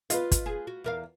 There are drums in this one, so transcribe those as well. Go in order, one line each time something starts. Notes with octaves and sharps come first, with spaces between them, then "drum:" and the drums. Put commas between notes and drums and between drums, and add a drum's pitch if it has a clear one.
F4 B4 D#5 F5, drum: hi-hat
drum: kick, hi-hat
G#4
F#4
E2 A#4 F5